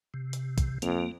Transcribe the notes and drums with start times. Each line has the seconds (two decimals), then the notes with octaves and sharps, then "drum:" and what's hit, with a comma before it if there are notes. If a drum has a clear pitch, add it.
0.14 C3
0.33 drum: hi-hat
0.58 drum: kick, hi-hat
0.82 F2 A#3, drum: hi-hat